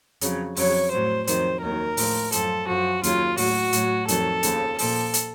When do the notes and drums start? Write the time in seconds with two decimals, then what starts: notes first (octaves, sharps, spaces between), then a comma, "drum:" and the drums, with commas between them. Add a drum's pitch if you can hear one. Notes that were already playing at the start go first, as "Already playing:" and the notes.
0.21 F2 C#3 F#3, drum: hi-hat
0.56 F2 C#3 F#3 C#5, drum: open hi-hat
0.91 A2 F#3 C5
1.27 F2 D#3 F#3 C5, drum: hi-hat
1.62 D#2 D#3 F#3 A#4
1.97 A2 F3, drum: open hi-hat
2.32 F#2 F3 A4, drum: hi-hat
2.68 F#2 F3 F#4
3.03 D#2 C#3 F#3 F4, drum: hi-hat
3.37 A2 F#3 F#4, drum: open hi-hat
3.73 A2 F#3, drum: hi-hat
4.08 F2 D#3 F#3 A4, drum: hi-hat
4.43 D#2 C#3 F3, drum: hi-hat
4.79 A#2 F3 A4, drum: open hi-hat
5.14 drum: hi-hat